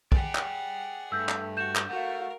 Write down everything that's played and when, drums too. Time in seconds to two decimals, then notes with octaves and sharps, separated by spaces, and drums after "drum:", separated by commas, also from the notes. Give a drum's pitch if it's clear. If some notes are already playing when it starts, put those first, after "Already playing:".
0.12 G#4 D5 F#5 G5, drum: kick
0.35 drum: clap
1.12 G2 A3 E6 G6
1.29 drum: clap
1.57 F#4 G6 E7
1.76 drum: clap
1.90 A3 F#4 A#4 F5